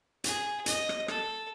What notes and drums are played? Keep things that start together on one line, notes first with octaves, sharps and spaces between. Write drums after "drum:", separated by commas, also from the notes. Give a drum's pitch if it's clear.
G#4, drum: hi-hat
D#5, drum: hi-hat
drum: rim click
A4, drum: rim click